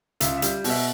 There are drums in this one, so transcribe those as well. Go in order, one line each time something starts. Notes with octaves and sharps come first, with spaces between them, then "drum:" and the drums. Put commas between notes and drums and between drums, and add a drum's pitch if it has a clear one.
C#2 E5, drum: hi-hat
E5
G3, drum: hi-hat
B2, drum: open hi-hat
E5